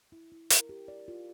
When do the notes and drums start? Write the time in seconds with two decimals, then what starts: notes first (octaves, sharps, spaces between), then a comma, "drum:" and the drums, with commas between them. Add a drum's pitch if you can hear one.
0.12 E4
0.32 E4
0.50 A#4, drum: hi-hat
0.69 G4
0.88 D5
1.08 F4